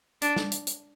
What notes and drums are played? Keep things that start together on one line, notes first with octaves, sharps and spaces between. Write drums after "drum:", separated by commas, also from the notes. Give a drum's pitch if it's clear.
D4, drum: hi-hat
drum: snare
drum: hi-hat
drum: hi-hat